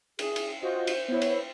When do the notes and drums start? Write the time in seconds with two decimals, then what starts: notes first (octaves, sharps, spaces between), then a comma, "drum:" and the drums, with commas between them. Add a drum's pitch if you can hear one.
0.19 G#4, drum: cymbal
0.36 drum: cymbal
0.62 F4 F#4 C5 D#5
0.87 drum: cymbal
1.08 B3 E4 C#5
1.22 drum: cymbal